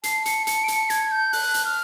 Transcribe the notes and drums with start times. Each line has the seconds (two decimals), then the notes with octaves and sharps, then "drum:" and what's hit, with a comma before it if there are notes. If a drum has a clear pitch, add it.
0.03 A5 C7, drum: hi-hat
0.26 C#7, drum: hi-hat
0.47 C#7, drum: hi-hat
0.64 D7
0.68 C#7, drum: hi-hat
0.90 G#6, drum: hi-hat
1.11 G6
1.33 F#6, drum: open hi-hat
1.54 drum: hi-hat
1.65 F6